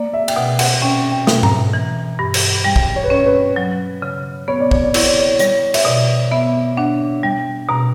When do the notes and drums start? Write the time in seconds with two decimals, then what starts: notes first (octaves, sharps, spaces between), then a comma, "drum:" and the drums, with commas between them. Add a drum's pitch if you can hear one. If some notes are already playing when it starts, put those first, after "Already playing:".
Already playing: A#3 D5
0.13 E5
0.28 G5, drum: cymbal
0.36 B2 F#5
0.59 F#5, drum: cymbal
0.82 C#4 G5
1.12 G5
1.27 B2, drum: snare
1.43 A#5, drum: tom G#2
1.73 E3
2.19 G2
2.34 drum: cymbal
2.64 G3 G5
2.76 drum: kick
2.96 C#5
3.04 B4
3.10 C#4 C#5
3.26 B4
3.56 F#3
4.02 C#3
4.48 B3 C#5
4.60 D5
4.71 C#5, drum: kick
4.84 D5
4.94 E4 C#5, drum: cymbal
5.08 D5
5.19 C#5
5.39 G3 C#5, drum: hi-hat
5.74 E5, drum: cymbal
5.85 B2 D5
6.31 B3 E5
6.77 D4 F#5
7.23 G3 G5
7.69 B2 A#5